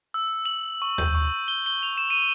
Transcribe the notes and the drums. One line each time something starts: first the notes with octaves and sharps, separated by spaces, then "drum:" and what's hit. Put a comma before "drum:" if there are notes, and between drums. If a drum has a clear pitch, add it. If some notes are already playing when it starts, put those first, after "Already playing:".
E6
F#7
C#6
G6, drum: tom D#2
C#6
G7
G7
F7
E7
D#7